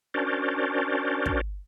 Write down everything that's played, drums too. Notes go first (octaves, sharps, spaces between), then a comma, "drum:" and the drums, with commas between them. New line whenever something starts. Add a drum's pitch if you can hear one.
C#4 D4 F#4 A#4 C5 D5
drum: kick